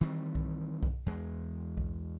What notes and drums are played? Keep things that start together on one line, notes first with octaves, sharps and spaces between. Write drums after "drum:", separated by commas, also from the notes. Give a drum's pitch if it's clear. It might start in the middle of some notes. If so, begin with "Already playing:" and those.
D#3 E3 G3 C4
drum: kick B1
drum: kick B1
E2 G#3
drum: kick B1